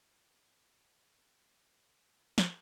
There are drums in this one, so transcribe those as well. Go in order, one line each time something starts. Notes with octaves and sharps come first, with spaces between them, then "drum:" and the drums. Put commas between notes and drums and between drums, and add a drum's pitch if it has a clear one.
F#3 A3 C#4
drum: snare